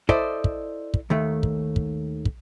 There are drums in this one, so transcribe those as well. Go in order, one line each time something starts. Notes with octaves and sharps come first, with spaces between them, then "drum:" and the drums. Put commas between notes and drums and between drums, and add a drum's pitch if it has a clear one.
E4 A4 C5 D5 D#5, drum: kick
drum: kick
drum: kick
D#2 D#3 A3
drum: kick
drum: kick
drum: kick